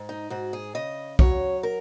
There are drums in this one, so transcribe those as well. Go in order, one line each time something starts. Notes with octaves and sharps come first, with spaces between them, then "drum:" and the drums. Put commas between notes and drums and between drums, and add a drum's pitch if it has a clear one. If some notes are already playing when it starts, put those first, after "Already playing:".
Already playing: G#2
D#4
G#2 F#4
G#4
C#3 D#5
F#3 C#5, drum: kick B1
A#4